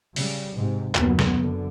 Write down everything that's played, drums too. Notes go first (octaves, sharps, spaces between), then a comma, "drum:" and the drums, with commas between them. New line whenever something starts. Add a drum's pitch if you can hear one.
C#3 G3, drum: open hi-hat
G#2 C3
F#1 D#2 F#3 B3, drum: clap
drum: snare
F#2 D3